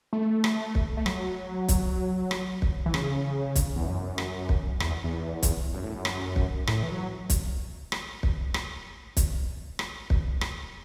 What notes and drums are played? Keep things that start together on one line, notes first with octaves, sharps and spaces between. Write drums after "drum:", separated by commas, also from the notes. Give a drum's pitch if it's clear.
A3
drum: rim click
drum: kick
A3
F#3, drum: rim click
drum: kick, hi-hat
drum: rim click
drum: kick
E3
C#3, drum: rim click
drum: kick, hi-hat
E2
F#2
drum: rim click
drum: kick
E2, drum: rim click
E2
drum: kick, hi-hat
F#2
A2
F#2
drum: rim click
drum: kick
A2, drum: rim click
E3
F#3
drum: kick, hi-hat
drum: rim click
drum: kick
drum: rim click
drum: kick, hi-hat
drum: rim click
drum: kick
drum: rim click